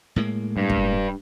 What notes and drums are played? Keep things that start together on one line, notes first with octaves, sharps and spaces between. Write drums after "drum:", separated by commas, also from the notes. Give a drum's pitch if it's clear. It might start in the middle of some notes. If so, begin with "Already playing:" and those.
A2 G#3 A#3
G2
drum: kick